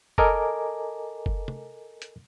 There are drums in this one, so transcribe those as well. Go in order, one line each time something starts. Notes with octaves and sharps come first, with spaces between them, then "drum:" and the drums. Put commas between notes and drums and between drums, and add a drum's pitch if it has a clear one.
A4 A#4 D#5 G#5 A#5 D6, drum: kick F#1
drum: kick F#1
drum: tom
drum: hi-hat